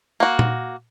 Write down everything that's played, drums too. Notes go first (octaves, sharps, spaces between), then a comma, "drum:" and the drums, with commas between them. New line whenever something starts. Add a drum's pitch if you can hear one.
A#3 F#4
drum: tom A#2